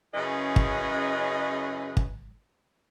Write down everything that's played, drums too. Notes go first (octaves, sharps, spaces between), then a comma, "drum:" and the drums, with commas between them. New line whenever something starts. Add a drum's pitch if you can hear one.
F#2 C#3 E4 G#4 B4 D#5
drum: kick
drum: kick